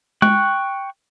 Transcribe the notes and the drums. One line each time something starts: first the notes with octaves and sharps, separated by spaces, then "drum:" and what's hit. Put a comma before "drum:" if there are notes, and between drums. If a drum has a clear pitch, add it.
G5 C#6 F#6, drum: tom G#3